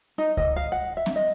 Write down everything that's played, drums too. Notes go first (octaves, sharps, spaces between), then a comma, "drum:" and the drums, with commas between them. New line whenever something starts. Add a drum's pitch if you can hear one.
D#4
D#5, drum: kick C#2
F5
F#5
E5
drum: snare C4
D#5